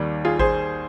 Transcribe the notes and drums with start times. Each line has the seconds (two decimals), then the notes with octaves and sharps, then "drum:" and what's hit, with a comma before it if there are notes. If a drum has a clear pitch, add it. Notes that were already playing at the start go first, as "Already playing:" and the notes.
Already playing: D#2 D#3 G3
0.25 F4 G#4
0.39 G#4 C5, drum: kick G#1